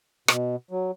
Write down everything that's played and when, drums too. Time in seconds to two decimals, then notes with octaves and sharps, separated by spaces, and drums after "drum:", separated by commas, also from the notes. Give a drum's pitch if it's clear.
0.28 B2, drum: rim click
0.71 F#3